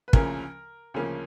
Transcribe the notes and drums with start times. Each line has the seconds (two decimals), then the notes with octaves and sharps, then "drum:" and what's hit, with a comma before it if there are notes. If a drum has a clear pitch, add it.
0.08 B4
0.13 D2 C#3 F3 A#3 C#4 A#4, drum: kick
0.94 D2 C#3 F3 A#3 C#4